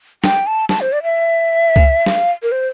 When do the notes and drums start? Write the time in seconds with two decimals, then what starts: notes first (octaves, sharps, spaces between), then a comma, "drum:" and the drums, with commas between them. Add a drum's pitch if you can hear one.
0.24 G5, drum: snare
0.47 A5
0.69 A5, drum: snare
0.81 C5
0.93 D5
1.03 E5
1.76 drum: kick C#2
2.06 F5, drum: snare
2.43 A#4
2.52 C5